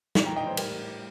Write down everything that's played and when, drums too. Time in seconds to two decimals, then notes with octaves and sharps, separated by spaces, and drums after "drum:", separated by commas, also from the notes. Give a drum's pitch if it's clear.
0.15 A#2 G3, drum: snare
0.25 G5 A#5
0.36 D#5 G5
0.47 C5
0.57 A2 G3 A#4, drum: cymbal